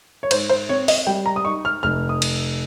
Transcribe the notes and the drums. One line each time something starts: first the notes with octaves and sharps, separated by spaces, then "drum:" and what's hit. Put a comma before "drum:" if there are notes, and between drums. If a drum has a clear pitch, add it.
C#5
G#2 C5, drum: cymbal
C5
C4 C#5
D#5, drum: open hi-hat
G3 G5
A#5
D#6
D#4 C#6
F6
F1 F6
D#6
drum: cymbal